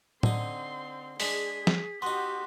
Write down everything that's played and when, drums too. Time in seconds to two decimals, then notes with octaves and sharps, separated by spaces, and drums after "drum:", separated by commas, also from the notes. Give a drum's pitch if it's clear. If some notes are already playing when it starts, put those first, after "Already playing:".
0.23 D3 C4 D#4 C6, drum: tom A2
1.20 G#3 D4 G#4 B6, drum: open hi-hat
1.67 drum: snare
2.02 B3 D#4 F#4 G4 C6